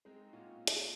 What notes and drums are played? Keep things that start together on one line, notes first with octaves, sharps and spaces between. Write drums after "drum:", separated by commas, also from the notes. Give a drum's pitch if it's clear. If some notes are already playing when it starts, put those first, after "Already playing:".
G#3 C4 D#4
F#4
A#2 C#4 F4
drum: hi-hat